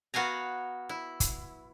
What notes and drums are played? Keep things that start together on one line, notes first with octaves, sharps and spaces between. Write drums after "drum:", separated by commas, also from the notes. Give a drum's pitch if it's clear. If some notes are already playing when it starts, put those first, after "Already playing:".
B3 F#4 F5 G#5 A#5
E4
drum: kick, hi-hat